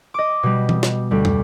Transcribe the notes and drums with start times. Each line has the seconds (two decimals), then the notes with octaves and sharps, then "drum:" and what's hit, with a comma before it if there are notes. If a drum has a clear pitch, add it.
0.14 D#5 D6
0.43 B2 G3
0.69 drum: tom
0.83 drum: snare
1.11 D2 G3
1.25 drum: tom